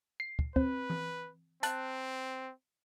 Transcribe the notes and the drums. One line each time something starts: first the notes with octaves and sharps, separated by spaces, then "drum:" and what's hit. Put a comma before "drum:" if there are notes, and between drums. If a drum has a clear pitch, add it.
C7
drum: kick
C4 B4, drum: kick
drum: tom E3
C4 A5 F#6, drum: hi-hat